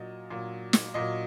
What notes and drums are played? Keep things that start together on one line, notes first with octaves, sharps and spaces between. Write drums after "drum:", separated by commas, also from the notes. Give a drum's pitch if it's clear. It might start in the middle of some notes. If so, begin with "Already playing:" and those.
Already playing: A#2 F#3 D#5
A#2 F#3
drum: snare
A#2 F#3 D#5